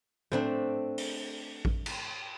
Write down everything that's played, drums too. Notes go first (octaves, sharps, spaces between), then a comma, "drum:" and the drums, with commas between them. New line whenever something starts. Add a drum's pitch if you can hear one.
A3 C4 D4, drum: tom
drum: open hi-hat
drum: kick A1
drum: cymbal